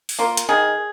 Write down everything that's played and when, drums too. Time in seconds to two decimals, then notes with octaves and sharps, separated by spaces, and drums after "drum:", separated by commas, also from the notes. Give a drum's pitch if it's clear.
0.09 drum: open hi-hat
0.19 A#3 F4
0.37 drum: hi-hat
0.49 D#3 G#4